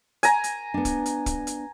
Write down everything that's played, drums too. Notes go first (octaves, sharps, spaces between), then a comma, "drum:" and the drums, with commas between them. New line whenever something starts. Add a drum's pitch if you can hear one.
G#5 A#5, drum: hi-hat
drum: hi-hat
B3 D4
drum: kick, hi-hat
drum: hi-hat
drum: kick, hi-hat
drum: hi-hat